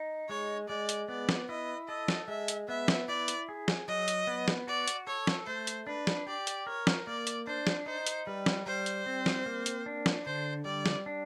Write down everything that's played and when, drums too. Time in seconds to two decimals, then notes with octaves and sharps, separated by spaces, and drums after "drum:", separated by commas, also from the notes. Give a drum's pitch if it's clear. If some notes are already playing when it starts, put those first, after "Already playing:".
Already playing: D#4
0.29 G#3 C#5
0.68 G#3 D5
0.89 drum: hi-hat
1.08 B3 D5
1.29 drum: snare
1.49 E4 D#5
1.88 A4 D#5
2.08 drum: snare
2.28 G#3 E5
2.48 drum: hi-hat
2.68 B3 E5
2.88 drum: snare
3.08 E4 D5
3.28 drum: hi-hat
3.49 G#4
3.68 drum: snare
3.88 F#3 D#5
4.08 drum: hi-hat
4.27 B3
4.48 drum: snare
4.67 F#4 D5
4.88 drum: hi-hat
5.07 A4 C#5
5.27 drum: snare
5.47 A3 C5
5.67 drum: hi-hat
5.87 D4 B4
6.07 drum: snare
6.27 G4 D5
6.47 drum: hi-hat
6.67 A#4 C#5
6.87 drum: snare
7.06 A#3 D5
7.27 drum: hi-hat
7.47 D4 C5
7.67 drum: snare
7.86 D#4 C5
8.07 drum: hi-hat
8.26 G3 B4
8.46 drum: snare
8.66 G3 C5
8.86 drum: hi-hat
9.06 C4
9.26 drum: snare
9.46 A#3
9.66 drum: hi-hat
9.86 D4
10.06 drum: snare
10.25 D3 C5
10.65 G3 D5
10.86 drum: snare
11.06 D4